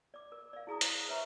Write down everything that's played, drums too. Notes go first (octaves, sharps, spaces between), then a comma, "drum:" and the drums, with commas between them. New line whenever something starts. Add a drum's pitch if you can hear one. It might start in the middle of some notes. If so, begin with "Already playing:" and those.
D5 D6
A#4
D5 F5
E4 G#4 A#5 D#6
C5, drum: hi-hat
B4 C#5 E5 A#5 C#6